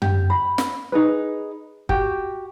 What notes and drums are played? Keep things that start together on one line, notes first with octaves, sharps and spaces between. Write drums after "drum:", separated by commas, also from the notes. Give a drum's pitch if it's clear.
G4, drum: tom F#2
B5
drum: snare
D#4 G#4 B4
F#4 G4, drum: kick F#1